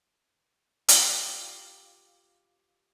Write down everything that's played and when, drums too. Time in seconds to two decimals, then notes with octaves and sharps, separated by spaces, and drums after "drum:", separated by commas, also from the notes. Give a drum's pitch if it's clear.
0.88 F4 G4, drum: hi-hat